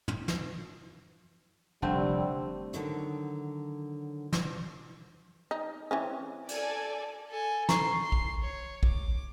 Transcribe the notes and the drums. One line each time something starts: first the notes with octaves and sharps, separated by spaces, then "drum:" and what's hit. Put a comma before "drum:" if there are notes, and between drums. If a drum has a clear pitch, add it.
drum: tom
drum: snare
F1 D3 G3 A3 C4
D3 D#3 F#3, drum: hi-hat
drum: snare
D#4
E3 C4 C#4
A4 D5 G#5, drum: cymbal
A4 G#5
A4 A#5 C6 C#6, drum: snare
C6
drum: kick
C#5
D6, drum: kick